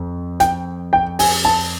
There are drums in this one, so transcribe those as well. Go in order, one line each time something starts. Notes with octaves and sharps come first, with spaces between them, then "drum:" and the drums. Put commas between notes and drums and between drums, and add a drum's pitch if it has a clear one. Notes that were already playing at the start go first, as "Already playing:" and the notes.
Already playing: F2
G5, drum: hi-hat
G5
G#5, drum: open hi-hat
A5